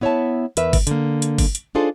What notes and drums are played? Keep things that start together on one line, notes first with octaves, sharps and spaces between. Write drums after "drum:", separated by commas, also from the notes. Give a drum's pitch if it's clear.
B3 E4 C#5 D5 E5 A5
E2 A#4 B4 E5, drum: hi-hat
drum: kick G1, open hi-hat
D3 A#3, drum: hi-hat
drum: hi-hat
drum: kick G1, open hi-hat
drum: hi-hat
D4 D#4 F4 G#4 A4 C5